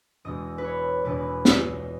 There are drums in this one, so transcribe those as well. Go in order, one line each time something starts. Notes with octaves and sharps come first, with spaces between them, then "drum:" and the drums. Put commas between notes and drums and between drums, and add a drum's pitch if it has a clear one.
E1 E2 B2 G#3 D#5
B4
C#5
E1 E2 B2 G#3 B4
D#5, drum: snare